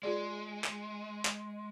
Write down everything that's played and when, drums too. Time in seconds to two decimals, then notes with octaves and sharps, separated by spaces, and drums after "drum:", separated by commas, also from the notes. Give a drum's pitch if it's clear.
0.03 G#3 F4 G#4 D5
0.64 drum: clap
1.25 drum: clap